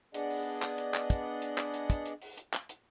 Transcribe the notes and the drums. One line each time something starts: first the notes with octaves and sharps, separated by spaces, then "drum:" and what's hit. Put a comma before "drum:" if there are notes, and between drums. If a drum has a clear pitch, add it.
B3 D4 G#4 D5 D#5 F#5, drum: hi-hat
drum: open hi-hat
drum: clap
drum: hi-hat
drum: clap
drum: kick, hi-hat
drum: hi-hat
drum: clap
drum: hi-hat
drum: kick, hi-hat
drum: hi-hat
drum: open hi-hat
drum: hi-hat
drum: clap
drum: hi-hat